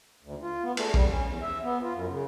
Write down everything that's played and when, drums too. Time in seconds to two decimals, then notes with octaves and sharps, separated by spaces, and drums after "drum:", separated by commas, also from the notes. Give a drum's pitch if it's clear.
0.23 D2
0.42 F4
0.63 B3
0.77 A3, drum: cymbal
0.94 G3, drum: kick A#1
1.09 C#4
1.25 E2
1.42 E5
1.63 B3
1.82 F4
1.94 F#2
2.10 C#3